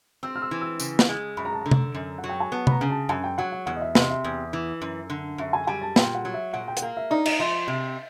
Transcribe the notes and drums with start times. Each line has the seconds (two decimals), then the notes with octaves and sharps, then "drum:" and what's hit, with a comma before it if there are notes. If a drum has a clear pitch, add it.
0.23 C4 E6
0.36 F6
0.42 E6
0.51 E3
0.61 E6
0.80 C#3, drum: tambourine
0.99 drum: snare
1.09 G#3
1.37 F#2 B5
1.45 A#5
1.53 A5
1.61 D3 A#5
1.71 drum: tom C3
1.94 F#2
2.18 F#5
2.24 F#3
2.29 G5
2.40 G#5
2.52 B3 A5
2.67 B5, drum: tom C3
2.71 A#5
2.81 C#3
2.90 A5
3.09 F#2 G#5
3.24 G5
3.38 F#3 F#5
3.52 F#5
3.66 E2 F#5
3.76 D#5
3.81 E5
3.95 C3 D#5, drum: snare
4.10 E5
4.24 E2
4.53 E3
4.81 F#2
5.10 D3
5.38 F#2 E5
5.53 G#5
5.67 G3 G#5
5.82 A5
5.96 A#2 G5, drum: snare
6.15 F#5
6.25 F#3
6.34 E5
6.53 A#2 F#5
6.68 G5
6.77 F#5, drum: hi-hat
6.82 A#3 F5
6.97 E5
7.11 D#4 D5
7.26 D#5, drum: cymbal
7.39 F3 E5
7.68 C3 E5